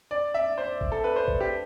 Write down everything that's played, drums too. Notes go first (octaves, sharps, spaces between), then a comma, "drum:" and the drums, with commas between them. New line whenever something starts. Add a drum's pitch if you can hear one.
D5
E5
C5
drum: kick
A4
B4
C5
drum: kick
G4